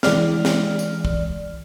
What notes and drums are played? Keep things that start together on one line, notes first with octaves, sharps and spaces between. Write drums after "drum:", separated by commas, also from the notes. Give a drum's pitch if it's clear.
E3 G#3 D5 F6, drum: snare
drum: snare
drum: tambourine
drum: kick